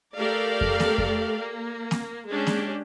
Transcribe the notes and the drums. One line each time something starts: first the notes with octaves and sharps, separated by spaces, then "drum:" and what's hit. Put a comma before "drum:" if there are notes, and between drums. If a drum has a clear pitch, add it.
A3 G4 A4 A#4 D5 F5
drum: kick F2
drum: snare A#3
drum: kick F2
A#3
drum: snare A#3
G#3 C#4 D4 G4
drum: snare A#3